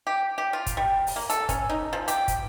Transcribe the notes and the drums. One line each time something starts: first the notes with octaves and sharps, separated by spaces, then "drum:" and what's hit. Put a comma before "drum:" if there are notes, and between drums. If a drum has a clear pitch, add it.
G4
G4
F4
drum: kick, hi-hat
G3
drum: open hi-hat
A#3
A4, drum: hi-hat
C#4, drum: kick, hi-hat
D#4
F3
G4, drum: hi-hat
drum: kick, hi-hat